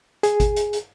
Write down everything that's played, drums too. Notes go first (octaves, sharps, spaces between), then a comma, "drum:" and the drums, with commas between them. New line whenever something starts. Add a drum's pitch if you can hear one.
G#4, drum: hi-hat
drum: kick G#1, hi-hat
drum: hi-hat
drum: hi-hat